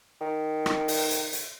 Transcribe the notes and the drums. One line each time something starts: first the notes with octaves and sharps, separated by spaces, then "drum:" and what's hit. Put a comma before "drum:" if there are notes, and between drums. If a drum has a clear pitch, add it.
D#3
drum: rim click
drum: open hi-hat
drum: hi-hat
drum: hi-hat